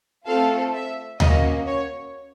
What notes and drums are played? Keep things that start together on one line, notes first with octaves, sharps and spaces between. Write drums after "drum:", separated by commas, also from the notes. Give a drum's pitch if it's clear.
A3 C4 F4 A4 F5
E5
A#3 C#4 F#4 D#5, drum: tom D2
C#5